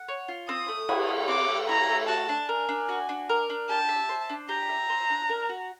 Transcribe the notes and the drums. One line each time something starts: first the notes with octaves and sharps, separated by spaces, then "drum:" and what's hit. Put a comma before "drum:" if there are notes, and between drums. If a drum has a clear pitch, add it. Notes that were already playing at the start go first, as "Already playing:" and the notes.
Already playing: F#5
C#5
F4
C4 D#6
A3
E4, drum: cymbal
A3
C4 D6
A3
E4 A#5
A3
F#4 A5
D4
A#4 G#5
D4
F#4
D4
A#4
D4
G4 A5
E5
C5
D4
G4 A#5
E5
C5
D4
A#4
F#4